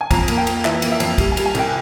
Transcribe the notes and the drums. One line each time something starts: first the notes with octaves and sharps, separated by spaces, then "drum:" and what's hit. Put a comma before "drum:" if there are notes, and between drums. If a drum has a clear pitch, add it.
G#5
F2 A#5, drum: kick, cymbal
A#3, drum: cymbal
G5
A#3, drum: cymbal
E3 E5, drum: clap
A#3, drum: cymbal
E5
F2, drum: cymbal
G3, drum: kick, cymbal
G#5
G3, drum: cymbal
G#5
C2 G5, drum: cymbal